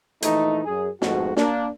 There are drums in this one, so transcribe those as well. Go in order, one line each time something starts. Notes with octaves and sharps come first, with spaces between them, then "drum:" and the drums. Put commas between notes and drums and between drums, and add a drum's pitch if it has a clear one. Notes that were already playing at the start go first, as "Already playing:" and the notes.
A#1 E3 A3 D#4, drum: hi-hat
F#2 G#4
F2 G#2 B2 A3 F#4, drum: snare
A#3 D4, drum: snare